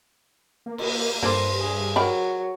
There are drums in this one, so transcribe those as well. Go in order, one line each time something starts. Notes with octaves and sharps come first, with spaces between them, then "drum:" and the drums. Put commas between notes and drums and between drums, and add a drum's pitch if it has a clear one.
A#3
drum: cymbal
G2 A#3 D4 A4 C5
G#4
F#3 A#4 G5 B5